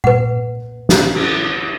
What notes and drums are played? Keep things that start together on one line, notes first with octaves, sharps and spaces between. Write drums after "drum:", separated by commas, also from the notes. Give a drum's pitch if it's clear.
B4 F#5, drum: tom A#2
drum: snare
drum: cymbal